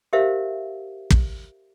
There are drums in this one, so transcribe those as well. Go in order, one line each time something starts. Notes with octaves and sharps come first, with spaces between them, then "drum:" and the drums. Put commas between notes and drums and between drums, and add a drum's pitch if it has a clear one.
G4 A#4 C5 E5 F5
drum: kick